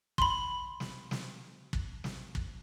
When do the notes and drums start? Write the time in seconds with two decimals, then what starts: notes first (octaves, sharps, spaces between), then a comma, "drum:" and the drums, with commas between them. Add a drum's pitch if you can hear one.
0.18 B5 C6, drum: kick
0.80 drum: snare
1.11 drum: snare
1.73 drum: kick
2.04 drum: snare
2.35 drum: kick